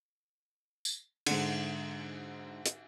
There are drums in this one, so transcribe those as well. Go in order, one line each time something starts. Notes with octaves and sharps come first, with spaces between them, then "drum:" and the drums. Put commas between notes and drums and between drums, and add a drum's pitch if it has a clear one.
drum: tambourine
G#2 D3, drum: cymbal
drum: hi-hat